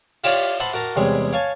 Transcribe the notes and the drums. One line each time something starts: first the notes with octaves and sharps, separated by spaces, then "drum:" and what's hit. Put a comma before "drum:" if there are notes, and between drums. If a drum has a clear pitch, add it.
F4 G4 C#5 D5 F5 G5, drum: cymbal
C5 E5 F#5 A5 B5 C6
F#4 A#4 A5 A#5
E2 C3 G3 G#3 G#4 C#5
C#5 F5 G#5 A5 C#6